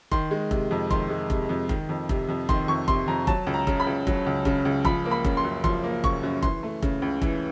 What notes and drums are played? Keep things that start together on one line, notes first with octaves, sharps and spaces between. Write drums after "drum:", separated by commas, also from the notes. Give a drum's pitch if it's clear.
D#3 C6, drum: kick F1
G#3
C3, drum: kick F1
F2
D#3 C6, drum: kick F1
G#3
C3, drum: kick F1
F2
D#3, drum: kick F1
F2
C3, drum: kick F1
F2
D#3 C6, drum: kick F1
F2 C#6
C3 C6, drum: kick F1
F2 A#5
F#3 A5, drum: kick F1
C#2
A#5
C#3, drum: kick F1
B5
C#2
F#3, drum: kick F1
C#2
C#3, drum: kick F1
C#2
F3 B5, drum: kick F1
A#3
B5
C#3, drum: kick F1
C6
F#2
F3 C6, drum: kick F1
A#3
C#3 C#6, drum: kick F1
F#2
E3 C6, drum: kick F1
A3
C#3, drum: kick F1
C#2
E3, drum: kick F1